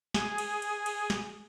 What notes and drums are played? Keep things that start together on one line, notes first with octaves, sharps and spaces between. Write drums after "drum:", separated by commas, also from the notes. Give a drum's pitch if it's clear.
G#4, drum: snare
drum: cymbal
drum: cymbal
drum: cymbal
drum: snare